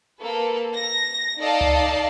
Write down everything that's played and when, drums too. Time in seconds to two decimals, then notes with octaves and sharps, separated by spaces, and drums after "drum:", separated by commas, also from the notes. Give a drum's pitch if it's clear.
0.21 A#3 A4 B4
0.74 A#6
1.39 D#4 A4 D5 D#5 F5 A5
1.61 drum: tom C#2